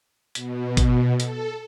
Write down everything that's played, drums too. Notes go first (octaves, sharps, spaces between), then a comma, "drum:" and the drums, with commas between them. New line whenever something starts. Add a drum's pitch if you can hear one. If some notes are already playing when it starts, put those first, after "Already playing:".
B2, drum: hi-hat
drum: kick, hi-hat
A4, drum: hi-hat